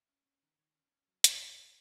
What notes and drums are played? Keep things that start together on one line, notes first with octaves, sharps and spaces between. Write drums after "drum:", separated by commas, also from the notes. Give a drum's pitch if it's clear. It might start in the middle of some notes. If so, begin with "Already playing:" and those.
Already playing: E5
C#4
C#4
D#3
D#3 C#5
C#4
C#4
F#3
F#3, drum: hi-hat
C#4
C#4 A4